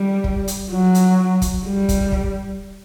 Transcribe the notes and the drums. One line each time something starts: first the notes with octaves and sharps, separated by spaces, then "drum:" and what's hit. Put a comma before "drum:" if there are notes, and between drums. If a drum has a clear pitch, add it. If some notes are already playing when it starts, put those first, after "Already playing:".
Already playing: G3
drum: kick
drum: hi-hat
F#3
drum: hi-hat
drum: kick, hi-hat
G3
drum: kick, hi-hat
drum: kick